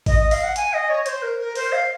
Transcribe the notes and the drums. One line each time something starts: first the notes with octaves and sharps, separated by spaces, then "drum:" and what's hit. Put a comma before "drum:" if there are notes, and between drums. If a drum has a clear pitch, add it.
D#5, drum: kick A1, open hi-hat
D#5
F5, drum: open hi-hat
F#5
G#5, drum: hi-hat
D#5
C#5
C5, drum: hi-hat
A#4
A#4
C5, drum: open hi-hat
F5